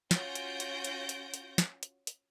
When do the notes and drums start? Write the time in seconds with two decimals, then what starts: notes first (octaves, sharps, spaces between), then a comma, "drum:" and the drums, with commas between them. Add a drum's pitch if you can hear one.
0.11 C#4 F4 F#4 G6 A#6 D7, drum: snare
0.35 drum: hi-hat
0.60 drum: hi-hat
0.85 drum: hi-hat
1.09 drum: hi-hat
1.34 drum: hi-hat
1.58 drum: snare
1.83 drum: hi-hat
2.07 drum: hi-hat